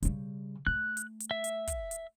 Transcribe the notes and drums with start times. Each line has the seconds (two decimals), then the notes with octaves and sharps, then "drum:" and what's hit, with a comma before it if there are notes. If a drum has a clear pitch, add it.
0.03 C#3 G3, drum: hi-hat
0.67 A3 F#6
0.97 drum: hi-hat
1.20 drum: hi-hat
1.31 E5
1.44 drum: hi-hat
1.67 drum: kick, hi-hat
1.91 drum: hi-hat